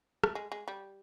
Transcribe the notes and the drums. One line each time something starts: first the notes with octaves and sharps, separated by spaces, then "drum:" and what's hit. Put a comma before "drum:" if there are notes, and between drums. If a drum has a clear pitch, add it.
A3, drum: rim click
G#3
G#3
G3